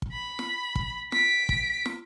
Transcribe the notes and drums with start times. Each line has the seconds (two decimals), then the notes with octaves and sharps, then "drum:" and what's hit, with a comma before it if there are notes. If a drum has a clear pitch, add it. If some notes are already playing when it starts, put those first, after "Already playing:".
0.02 drum: kick
0.13 B5
0.39 drum: snare
0.75 drum: kick
1.12 B6 D7, drum: snare
1.49 drum: kick
1.86 drum: snare